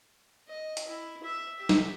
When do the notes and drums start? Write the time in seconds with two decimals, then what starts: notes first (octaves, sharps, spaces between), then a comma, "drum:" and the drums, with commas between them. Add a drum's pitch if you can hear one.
0.48 D#5
0.77 drum: hi-hat
0.88 E4
1.23 E5
1.59 G4 E5
1.69 drum: snare